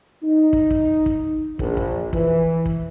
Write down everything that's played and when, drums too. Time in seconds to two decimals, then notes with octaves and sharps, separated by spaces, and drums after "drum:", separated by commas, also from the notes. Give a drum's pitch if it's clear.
0.23 D#4
0.53 drum: kick
0.71 drum: kick
1.06 drum: kick
1.59 A#1, drum: kick
1.77 drum: kick
2.13 E3, drum: kick
2.66 drum: kick